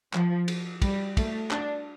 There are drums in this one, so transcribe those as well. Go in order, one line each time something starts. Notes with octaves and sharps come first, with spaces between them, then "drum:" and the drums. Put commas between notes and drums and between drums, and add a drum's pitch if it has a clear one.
F3, drum: clap
drum: cymbal
G3, drum: kick, cymbal
A3, drum: kick, cymbal
D4, drum: clap